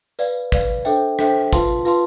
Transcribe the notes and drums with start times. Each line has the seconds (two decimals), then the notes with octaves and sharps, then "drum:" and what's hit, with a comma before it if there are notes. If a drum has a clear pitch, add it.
0.19 B4 D5 F5, drum: tambourine
0.52 B4 D5 F5, drum: kick, tambourine
0.85 D4 A4 C5 E5 G5, drum: tambourine
1.19 D4 A4 C5 E5 G5, drum: rim click
1.53 F4 B4 F5 A5 C6, drum: kick, tambourine
1.85 F4 B4 F5 A5 C6, drum: tambourine